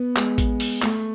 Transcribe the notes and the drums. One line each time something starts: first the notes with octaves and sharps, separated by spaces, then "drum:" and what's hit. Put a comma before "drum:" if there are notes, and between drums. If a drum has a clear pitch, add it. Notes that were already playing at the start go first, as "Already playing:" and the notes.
Already playing: B3
G#3, drum: clap
drum: kick A1, hi-hat
drum: open hi-hat
A3, drum: clap